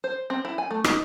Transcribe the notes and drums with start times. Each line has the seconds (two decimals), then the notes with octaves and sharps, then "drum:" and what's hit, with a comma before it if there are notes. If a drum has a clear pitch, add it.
0.04 C5
0.30 C4
0.45 E4
0.58 G#5
0.71 A3
0.84 D#4, drum: rim click